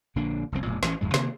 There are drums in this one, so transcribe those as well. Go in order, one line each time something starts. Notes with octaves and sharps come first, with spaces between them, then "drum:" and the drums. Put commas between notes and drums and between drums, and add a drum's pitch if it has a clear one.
A#1 D3 A#3 D4
F1 C2 A2 C4
E1 A#2 G#3
A1 E3 B3 C#4, drum: snare
F1 F2 G#2 G#3
C3 D#3 A#3 C4, drum: snare